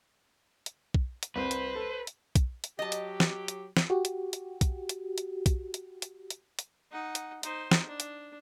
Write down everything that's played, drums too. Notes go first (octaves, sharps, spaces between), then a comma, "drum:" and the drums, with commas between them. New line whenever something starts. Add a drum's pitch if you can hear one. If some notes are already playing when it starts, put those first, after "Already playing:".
drum: hi-hat
drum: kick
drum: hi-hat
C2 B4 C5
drum: hi-hat
A4
drum: hi-hat
drum: kick, hi-hat
drum: hi-hat
F#3 G4 D#5 A5
drum: hi-hat
drum: snare
drum: hi-hat
drum: snare
F#4 G4
drum: hi-hat
drum: hi-hat
drum: kick, hi-hat
drum: hi-hat
drum: hi-hat
drum: kick, hi-hat
drum: hi-hat
drum: hi-hat
drum: hi-hat
drum: hi-hat
D#4 F#5
drum: hi-hat
D#4 C5, drum: hi-hat
drum: snare
D4
drum: hi-hat